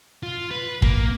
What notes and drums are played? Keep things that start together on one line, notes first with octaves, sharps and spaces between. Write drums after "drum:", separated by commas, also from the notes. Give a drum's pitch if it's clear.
F4
B4
A#3, drum: kick